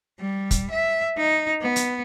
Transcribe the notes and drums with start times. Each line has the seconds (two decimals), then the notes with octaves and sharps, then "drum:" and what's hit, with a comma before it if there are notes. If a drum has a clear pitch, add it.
0.19 G3
0.51 drum: kick, hi-hat
0.70 E5
1.17 D#4
1.62 B3
1.76 drum: hi-hat